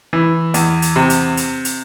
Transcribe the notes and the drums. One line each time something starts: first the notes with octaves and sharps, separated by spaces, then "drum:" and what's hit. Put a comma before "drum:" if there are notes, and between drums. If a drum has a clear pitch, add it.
E3
E2, drum: hi-hat
drum: hi-hat
C3
drum: hi-hat
drum: hi-hat
drum: hi-hat